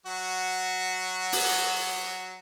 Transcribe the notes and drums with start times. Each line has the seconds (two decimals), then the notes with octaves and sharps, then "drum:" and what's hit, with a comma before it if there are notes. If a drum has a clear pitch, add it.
0.06 F#3 F#4
1.32 drum: open hi-hat